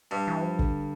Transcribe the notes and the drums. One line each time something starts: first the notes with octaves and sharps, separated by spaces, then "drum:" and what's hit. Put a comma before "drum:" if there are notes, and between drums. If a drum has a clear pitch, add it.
G2 G3
E3
F3
D3, drum: kick